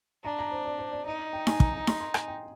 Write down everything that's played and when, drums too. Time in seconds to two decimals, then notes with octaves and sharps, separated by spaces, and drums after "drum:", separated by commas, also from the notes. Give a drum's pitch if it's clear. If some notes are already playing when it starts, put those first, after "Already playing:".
0.24 D4 A#5
0.39 A#5
0.52 C5
0.65 D5
0.79 C5
0.92 D5
1.06 D#4 D#5
1.33 G5
1.47 G#5, drum: snare D#4
1.60 A#5, drum: kick
1.73 A#5
1.87 C6, drum: snare D#4
2.00 C6
2.14 G#5, drum: rim click
2.28 G5